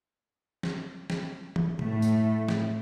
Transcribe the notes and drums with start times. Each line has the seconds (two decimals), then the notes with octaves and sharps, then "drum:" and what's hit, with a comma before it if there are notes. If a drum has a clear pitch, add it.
0.63 drum: snare
1.10 drum: snare
1.56 drum: tom
1.79 A2 A3, drum: tom B2
2.02 drum: tambourine
2.49 drum: snare